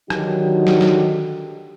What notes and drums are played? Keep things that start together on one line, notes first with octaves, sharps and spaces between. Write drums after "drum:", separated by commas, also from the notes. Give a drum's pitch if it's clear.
D3 D#3 F#3 D#4 F#4 G4, drum: rim click
drum: snare
drum: snare